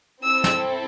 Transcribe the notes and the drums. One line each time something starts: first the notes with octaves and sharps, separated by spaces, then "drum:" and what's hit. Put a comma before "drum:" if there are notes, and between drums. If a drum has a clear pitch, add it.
C4 E4 A4 E6
drum: snare